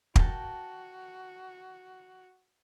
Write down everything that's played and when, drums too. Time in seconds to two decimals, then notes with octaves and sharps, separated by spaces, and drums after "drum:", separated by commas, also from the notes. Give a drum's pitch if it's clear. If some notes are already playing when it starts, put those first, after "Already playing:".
0.16 F#4 A#4 G5 A5, drum: kick